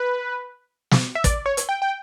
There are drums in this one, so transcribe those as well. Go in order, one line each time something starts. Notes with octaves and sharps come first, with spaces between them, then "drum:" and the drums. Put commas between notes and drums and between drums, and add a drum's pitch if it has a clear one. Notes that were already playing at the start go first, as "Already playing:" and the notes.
Already playing: B4
drum: snare
E5
D5, drum: kick, hi-hat
C#5
drum: hi-hat
G5
G5